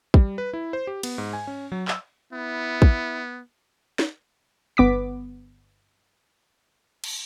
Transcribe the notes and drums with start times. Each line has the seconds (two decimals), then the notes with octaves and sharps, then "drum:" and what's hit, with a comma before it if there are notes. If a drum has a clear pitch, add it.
0.14 G3, drum: kick
0.38 B4
0.53 E4
0.73 C5
0.87 G4
1.03 B3, drum: cymbal
1.18 G#2
1.33 G#5
1.47 C#4
1.72 F#3
1.88 E6, drum: clap
2.33 B3 E4
2.82 drum: kick
3.99 drum: snare
4.77 G1 B3 D6 B6
7.04 drum: cymbal